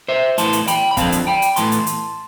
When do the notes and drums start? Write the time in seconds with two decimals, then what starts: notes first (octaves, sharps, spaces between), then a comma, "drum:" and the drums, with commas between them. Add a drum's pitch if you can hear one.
0.08 C5 E5
0.38 A2 E3 B3 A5 C6, drum: hi-hat
0.53 drum: hi-hat
0.68 G5 B5, drum: hi-hat
0.91 B5
0.97 D3 F3 C4 F5 A5, drum: kick, hi-hat
1.12 drum: hi-hat
1.27 G5 B5
1.42 drum: hi-hat
1.56 A2 E3 B3 A5 C6, drum: hi-hat
1.72 drum: hi-hat
1.87 drum: hi-hat